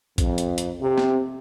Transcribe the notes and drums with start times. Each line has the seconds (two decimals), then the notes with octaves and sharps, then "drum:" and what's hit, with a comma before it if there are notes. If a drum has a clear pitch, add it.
0.18 F2, drum: kick, hi-hat
0.38 drum: hi-hat
0.58 drum: hi-hat
0.81 C3
0.98 drum: snare